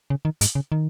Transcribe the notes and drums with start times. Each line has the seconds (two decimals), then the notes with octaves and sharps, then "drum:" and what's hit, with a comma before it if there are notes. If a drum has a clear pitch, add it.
0.10 C#3
0.25 D#3
0.41 G#2, drum: hi-hat
0.55 C#3
0.72 D#3